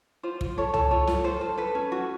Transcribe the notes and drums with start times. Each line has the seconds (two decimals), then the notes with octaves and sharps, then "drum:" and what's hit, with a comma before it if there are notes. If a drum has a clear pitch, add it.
0.23 F4 C5
0.41 F4, drum: kick
0.58 A4 C#5
0.74 A4, drum: tom
0.91 F4 C#5
1.07 F4, drum: snare
1.24 A4 C5
1.41 A4
1.58 A4 B4
1.75 C#4
1.92 F#4